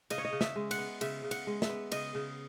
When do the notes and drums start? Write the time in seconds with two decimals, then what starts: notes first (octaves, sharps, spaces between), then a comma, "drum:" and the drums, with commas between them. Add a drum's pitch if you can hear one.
0.10 C#3 D#5, drum: cymbal
0.18 C#5
0.25 D#5
0.33 C#3
0.41 E5, drum: snare
0.56 G#3
0.71 F#5, drum: cymbal
0.78 B3
1.01 C#3 E5, drum: cymbal
1.24 C#3
1.31 F#5, drum: cymbal
1.47 G#3
1.62 E5, drum: snare
1.69 B3
1.92 C#3 D#5, drum: cymbal
2.15 C#3